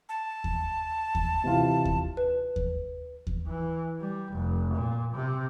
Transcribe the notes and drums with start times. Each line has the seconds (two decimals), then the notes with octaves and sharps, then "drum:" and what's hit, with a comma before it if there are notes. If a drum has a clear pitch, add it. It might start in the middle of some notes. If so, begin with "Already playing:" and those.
0.09 A5
0.44 drum: kick D#2
1.15 drum: kick D#2
1.44 C3 E3 F4
1.85 drum: kick D#2
2.17 B4
2.56 drum: kick D#2
3.27 drum: kick D#2
3.47 E3
4.01 G3
4.33 F1
4.74 A#2
5.15 C3